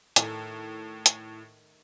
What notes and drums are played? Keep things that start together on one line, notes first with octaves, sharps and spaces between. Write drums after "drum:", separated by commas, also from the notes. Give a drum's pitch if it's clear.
A2 D#3 A3, drum: hi-hat
drum: hi-hat